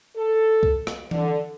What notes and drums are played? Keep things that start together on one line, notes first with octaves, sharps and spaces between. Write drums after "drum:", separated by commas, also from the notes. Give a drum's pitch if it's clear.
A4
drum: kick C#2
drum: rim click
D3, drum: tom E3